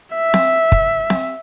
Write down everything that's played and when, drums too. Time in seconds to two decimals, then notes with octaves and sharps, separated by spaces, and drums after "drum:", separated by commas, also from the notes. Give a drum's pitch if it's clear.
0.15 E5
0.34 drum: snare C4
0.72 drum: kick
1.10 drum: snare C4